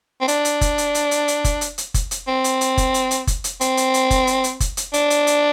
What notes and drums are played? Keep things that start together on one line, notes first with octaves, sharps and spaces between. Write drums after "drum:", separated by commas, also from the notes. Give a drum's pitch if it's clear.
C4
D4, drum: hi-hat
drum: hi-hat
drum: kick F#1, hi-hat
drum: hi-hat
drum: hi-hat
drum: hi-hat
drum: hi-hat
drum: kick F#1, hi-hat
drum: hi-hat
drum: hi-hat
drum: kick F#1, hi-hat
drum: hi-hat
C4
drum: hi-hat
drum: hi-hat
drum: kick F#1, hi-hat
drum: hi-hat
drum: hi-hat
drum: kick F#1, hi-hat
drum: hi-hat
C4, drum: hi-hat
drum: hi-hat
drum: hi-hat
drum: kick F#1, hi-hat
drum: hi-hat
drum: hi-hat
drum: kick F#1, hi-hat
drum: hi-hat
D4, drum: hi-hat
drum: hi-hat
drum: hi-hat